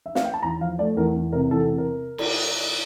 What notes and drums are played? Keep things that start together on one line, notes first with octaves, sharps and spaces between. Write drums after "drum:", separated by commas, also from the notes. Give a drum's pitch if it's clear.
E5
F5, drum: snare
G5
A5
E2 A#5
F3 F5
A3 D5
E2 A#4
E2
C3 A#4
E2 A4
C3
A#4
drum: cymbal